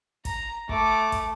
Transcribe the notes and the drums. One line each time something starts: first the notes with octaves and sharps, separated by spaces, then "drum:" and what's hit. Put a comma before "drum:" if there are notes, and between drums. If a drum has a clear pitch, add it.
A#5, drum: kick, hi-hat
A3 D6, drum: kick
drum: kick, hi-hat